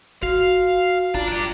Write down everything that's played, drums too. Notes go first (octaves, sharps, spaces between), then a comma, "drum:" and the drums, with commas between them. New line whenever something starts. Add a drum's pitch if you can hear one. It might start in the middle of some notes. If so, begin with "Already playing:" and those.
F#4 F5, drum: kick G1
D4 F4 A#5, drum: kick G1
D4 G4